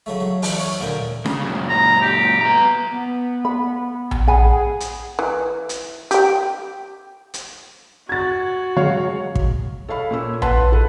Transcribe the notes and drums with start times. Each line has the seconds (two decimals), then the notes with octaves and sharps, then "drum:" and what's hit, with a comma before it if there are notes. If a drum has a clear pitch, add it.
0.06 C#3 F#3 A3
0.21 F#3
0.42 E3, drum: open hi-hat
0.59 C#5 G#5
0.80 D2 A#2 D3 A#4 G5
1.26 C#3, drum: snare D4
1.44 F#2 A#2
1.69 A#5
2.02 G4
2.41 B3 A#5
2.91 B3
3.45 B5
4.11 drum: tom A#1
4.27 G#4 F#5 G#5 B5
4.80 drum: hi-hat
5.19 E3
5.69 drum: hi-hat
6.11 G4 G5, drum: hi-hat
7.34 drum: hi-hat
8.09 F#4 G#6 A6
8.76 F#3 G#3 C#5 F5 F#5
9.35 drum: kick
9.88 A4 C#5 F5 B5
10.11 A#2 C#4 E6
10.42 B4 F#5 A5 C6, drum: tom A#1
10.72 E4 A4 B4